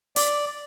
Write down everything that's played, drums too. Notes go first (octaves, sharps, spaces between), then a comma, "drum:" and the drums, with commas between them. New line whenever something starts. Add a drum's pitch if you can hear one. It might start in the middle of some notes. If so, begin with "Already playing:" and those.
D5, drum: hi-hat